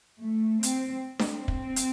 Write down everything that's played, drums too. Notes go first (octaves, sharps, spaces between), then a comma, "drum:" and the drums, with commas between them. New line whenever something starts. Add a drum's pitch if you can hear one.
A3
C4, drum: hi-hat
C4, drum: snare D4
drum: kick
drum: hi-hat